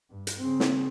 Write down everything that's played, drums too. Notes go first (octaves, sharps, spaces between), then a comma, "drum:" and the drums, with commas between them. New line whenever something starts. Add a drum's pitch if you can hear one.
G2
drum: hi-hat
C#3 C4
drum: snare